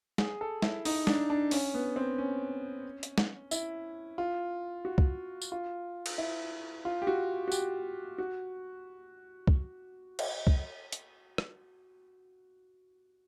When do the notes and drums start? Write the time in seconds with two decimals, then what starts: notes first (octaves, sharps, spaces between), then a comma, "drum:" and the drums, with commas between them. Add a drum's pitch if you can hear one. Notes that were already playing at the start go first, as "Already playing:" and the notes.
0.18 G#4, drum: snare
0.41 A4
0.62 E4, drum: snare
0.85 D#4, drum: open hi-hat
1.07 D4, drum: snare
1.30 D4
1.51 C#4, drum: open hi-hat
1.74 B3
1.96 C4
2.18 C#4
3.03 drum: hi-hat
3.18 drum: snare
3.51 E4, drum: tambourine
4.18 F4
4.85 F#4
4.98 drum: kick
5.42 drum: tambourine
5.52 F4
6.06 drum: cymbal
6.18 E4
6.85 F4
7.02 G4
7.07 F#4
7.48 F#4
7.52 G4, drum: tambourine
8.18 F#4
9.47 drum: kick
10.19 drum: cymbal
10.47 drum: kick
10.92 drum: hi-hat
11.38 drum: rim click